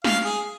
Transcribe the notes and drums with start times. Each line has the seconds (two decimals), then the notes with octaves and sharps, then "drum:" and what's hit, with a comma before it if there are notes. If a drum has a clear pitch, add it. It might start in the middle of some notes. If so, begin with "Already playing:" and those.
0.04 F5, drum: snare
0.25 G#4